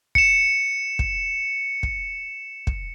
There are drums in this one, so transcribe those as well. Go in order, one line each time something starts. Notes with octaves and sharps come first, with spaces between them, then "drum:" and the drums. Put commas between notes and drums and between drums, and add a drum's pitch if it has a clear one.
C#7 E7, drum: kick
drum: kick
drum: kick
drum: kick